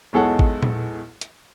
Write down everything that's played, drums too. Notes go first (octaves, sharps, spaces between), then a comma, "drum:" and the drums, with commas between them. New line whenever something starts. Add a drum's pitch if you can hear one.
B1 E2 G#3 A4 C#5 F#5
drum: kick G#1
drum: tom A#2
drum: hi-hat